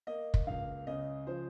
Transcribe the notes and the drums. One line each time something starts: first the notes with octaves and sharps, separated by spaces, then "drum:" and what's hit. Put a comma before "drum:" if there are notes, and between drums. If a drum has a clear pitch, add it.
A#3 D#5
drum: kick
C#2 F5
C#3 D#5
F3 C5